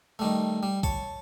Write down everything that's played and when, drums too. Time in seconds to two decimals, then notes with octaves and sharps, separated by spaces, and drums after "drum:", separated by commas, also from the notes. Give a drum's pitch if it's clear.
0.19 D#3 G3 A3
0.63 G3
0.83 C#5 A5, drum: kick